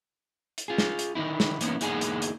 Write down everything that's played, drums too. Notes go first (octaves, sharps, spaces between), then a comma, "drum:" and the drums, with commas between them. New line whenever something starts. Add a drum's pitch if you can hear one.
drum: hi-hat
F4 G#4
drum: snare
drum: hi-hat
D3 D#3 A#3 D#4 E4
drum: snare
E3 A#3 B3 C#4 D#4, drum: hi-hat
E2 D3 A#3 D#4 G#4 G#5, drum: hi-hat
drum: hi-hat
drum: hi-hat